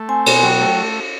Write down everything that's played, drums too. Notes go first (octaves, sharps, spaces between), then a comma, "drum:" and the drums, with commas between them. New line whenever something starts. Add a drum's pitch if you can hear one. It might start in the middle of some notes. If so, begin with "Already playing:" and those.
Already playing: A3
C4 G#5
B2 G#5, drum: cymbal
F#3 G5
A3